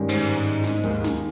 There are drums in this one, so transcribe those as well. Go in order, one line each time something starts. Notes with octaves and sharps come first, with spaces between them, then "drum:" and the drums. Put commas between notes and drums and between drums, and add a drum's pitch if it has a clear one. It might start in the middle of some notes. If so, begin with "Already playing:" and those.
Already playing: G2 D#3 G#3 C#4 G4
G#2
drum: hi-hat
drum: hi-hat
drum: snare
D#2 D#3 G#3, drum: hi-hat
drum: snare